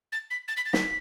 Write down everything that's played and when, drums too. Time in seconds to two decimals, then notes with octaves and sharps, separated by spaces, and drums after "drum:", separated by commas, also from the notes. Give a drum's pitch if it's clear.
0.12 A6
0.31 B6
0.48 A6
0.57 B6
0.65 A6
0.73 B6, drum: snare